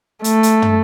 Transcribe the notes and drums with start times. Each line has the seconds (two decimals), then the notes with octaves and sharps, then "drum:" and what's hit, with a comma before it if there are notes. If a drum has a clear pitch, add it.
0.24 A3, drum: hi-hat
0.43 drum: hi-hat
0.62 drum: tom